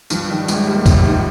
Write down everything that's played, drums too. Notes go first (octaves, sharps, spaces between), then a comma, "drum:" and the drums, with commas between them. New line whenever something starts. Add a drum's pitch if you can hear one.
G2 F3, drum: tambourine
D#3 G3
G1 G#3, drum: tambourine
G3
A#3
G1 F4, drum: kick, tambourine
D#3 D#4